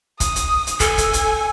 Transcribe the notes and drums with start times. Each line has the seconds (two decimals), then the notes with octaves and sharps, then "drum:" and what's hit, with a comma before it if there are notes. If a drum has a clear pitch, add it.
0.20 D#6, drum: kick, hi-hat
0.36 drum: hi-hat
0.67 drum: hi-hat
0.80 A4 G#5, drum: kick, hi-hat
0.98 drum: kick, hi-hat
1.13 drum: hi-hat